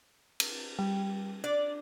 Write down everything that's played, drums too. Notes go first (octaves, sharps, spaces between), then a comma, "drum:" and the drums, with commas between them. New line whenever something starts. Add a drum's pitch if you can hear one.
drum: cymbal
G3
D4 D5